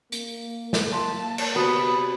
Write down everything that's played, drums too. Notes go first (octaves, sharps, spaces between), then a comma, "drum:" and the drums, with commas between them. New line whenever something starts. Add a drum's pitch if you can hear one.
A#3, drum: hi-hat
drum: snare
A#3 F5 A5 C6
drum: cymbal
C3 B3 F#4 B4 C5 B5